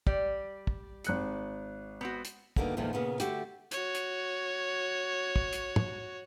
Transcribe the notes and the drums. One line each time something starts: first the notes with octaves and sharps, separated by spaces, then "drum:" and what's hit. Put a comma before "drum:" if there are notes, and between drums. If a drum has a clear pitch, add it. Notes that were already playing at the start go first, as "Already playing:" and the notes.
G3 D5, drum: kick
drum: kick
G#1 F#6 C#7, drum: hi-hat
B3 C4 F#4
drum: hi-hat
G2 B2 D3 D#3 A#3, drum: kick
E2 A#2 D#3 F3 A3
A#2 C#3 A#3 B3
D3 A3 F#4 G4, drum: hi-hat
F#4 C#5, drum: hi-hat
drum: hi-hat
drum: kick
drum: hi-hat
drum: tom